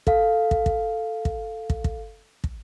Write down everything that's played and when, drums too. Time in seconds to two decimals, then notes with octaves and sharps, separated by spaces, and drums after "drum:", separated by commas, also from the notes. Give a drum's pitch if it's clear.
0.07 A4 F5, drum: kick
0.51 drum: kick
0.66 drum: kick
1.25 drum: kick
1.70 drum: kick
1.84 drum: kick
2.44 drum: kick